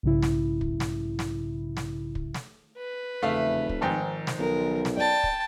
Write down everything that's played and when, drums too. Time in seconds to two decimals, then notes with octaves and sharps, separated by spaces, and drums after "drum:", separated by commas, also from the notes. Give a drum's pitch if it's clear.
0.03 B1 G#2 C#3 E4
0.22 drum: snare
0.61 drum: kick
0.80 drum: snare
1.19 drum: snare
1.77 drum: snare
2.15 drum: kick
2.34 drum: snare
2.78 B4
3.22 F1 E2 C#3 A3 E5 F5
3.69 drum: kick
3.81 G#1 G#2 D#3 F3 G5 A5
4.27 drum: snare
4.39 B1 A#4
4.85 drum: snare
4.97 D5 G5 A5
5.24 drum: kick